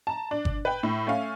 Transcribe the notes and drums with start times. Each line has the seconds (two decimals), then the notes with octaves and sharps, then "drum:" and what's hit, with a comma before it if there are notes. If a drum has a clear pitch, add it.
0.07 A5 A#5
0.31 D4
0.45 drum: kick G1
0.65 B4 G5
0.83 A2
1.07 A3 C#4 F5